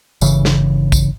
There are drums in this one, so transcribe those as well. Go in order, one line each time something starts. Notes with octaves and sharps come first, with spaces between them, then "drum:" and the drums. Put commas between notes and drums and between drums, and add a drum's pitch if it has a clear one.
G1 C#3 E3, drum: tambourine
drum: snare
drum: kick A#1, tambourine